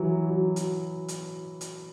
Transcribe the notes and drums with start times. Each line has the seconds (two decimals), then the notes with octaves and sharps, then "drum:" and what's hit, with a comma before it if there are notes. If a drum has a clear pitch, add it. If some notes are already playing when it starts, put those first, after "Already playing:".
Already playing: E3 F#3
0.30 F#3
0.56 drum: hi-hat
1.08 drum: hi-hat
1.61 drum: hi-hat